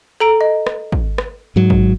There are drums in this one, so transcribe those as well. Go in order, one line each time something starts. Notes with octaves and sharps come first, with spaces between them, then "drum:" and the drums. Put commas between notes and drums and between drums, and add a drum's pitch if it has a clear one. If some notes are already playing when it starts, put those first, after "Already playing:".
A4 A#5 D7
D#5
drum: rim click
drum: kick
drum: rim click
G#2 F#3
drum: kick